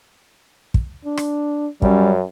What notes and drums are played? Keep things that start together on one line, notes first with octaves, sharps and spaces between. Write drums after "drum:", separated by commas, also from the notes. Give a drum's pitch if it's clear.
drum: kick
D4
drum: rim click
F#2 G3 C#4, drum: kick